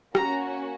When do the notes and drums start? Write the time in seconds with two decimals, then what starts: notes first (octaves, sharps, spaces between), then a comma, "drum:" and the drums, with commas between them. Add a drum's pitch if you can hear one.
0.15 A#3 C#4 F#4 A#5, drum: rim click